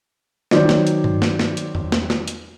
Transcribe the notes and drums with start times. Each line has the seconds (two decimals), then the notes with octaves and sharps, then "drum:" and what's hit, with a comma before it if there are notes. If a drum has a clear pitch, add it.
0.51 D#3 F#3 C5 D5, drum: snare
0.69 drum: snare
0.87 drum: hi-hat
1.04 drum: tom G2
1.22 drum: snare
1.39 drum: snare
1.57 drum: hi-hat
1.75 drum: tom E2
1.92 drum: snare
2.10 drum: snare
2.28 drum: hi-hat